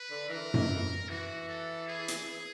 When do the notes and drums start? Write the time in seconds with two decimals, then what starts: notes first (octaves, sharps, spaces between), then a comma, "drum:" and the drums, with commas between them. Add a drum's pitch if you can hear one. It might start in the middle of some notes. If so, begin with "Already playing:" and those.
Already playing: B4
0.11 D3
0.29 E3 A#4
0.54 drum: tom F#2
1.09 E3 F#4
1.49 A4
1.88 G#4
2.08 drum: hi-hat